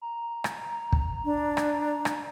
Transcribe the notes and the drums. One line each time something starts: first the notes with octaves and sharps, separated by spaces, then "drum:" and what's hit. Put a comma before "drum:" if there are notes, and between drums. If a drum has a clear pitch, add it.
A#5
drum: rim click
drum: kick
D4
drum: rim click
drum: rim click